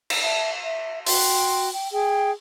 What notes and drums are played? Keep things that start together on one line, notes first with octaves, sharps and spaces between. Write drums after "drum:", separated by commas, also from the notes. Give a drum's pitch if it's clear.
drum: cymbal
E5 A5
E5
F#4 G5 C6, drum: open hi-hat
G5
G#4 G5